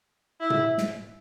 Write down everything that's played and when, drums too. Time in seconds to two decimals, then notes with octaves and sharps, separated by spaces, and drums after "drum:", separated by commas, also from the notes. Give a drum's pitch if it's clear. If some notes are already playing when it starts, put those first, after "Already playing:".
0.41 E4
0.50 drum: tom
0.78 drum: snare